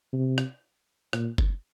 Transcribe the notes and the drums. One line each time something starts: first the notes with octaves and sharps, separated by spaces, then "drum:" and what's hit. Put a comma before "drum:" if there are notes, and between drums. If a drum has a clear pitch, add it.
C3
drum: rim click
A#2, drum: rim click
drum: kick